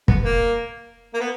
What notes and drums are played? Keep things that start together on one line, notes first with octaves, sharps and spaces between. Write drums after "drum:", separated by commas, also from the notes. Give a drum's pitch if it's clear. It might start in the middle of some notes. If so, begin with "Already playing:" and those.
B3, drum: kick
A#3
A#3
B3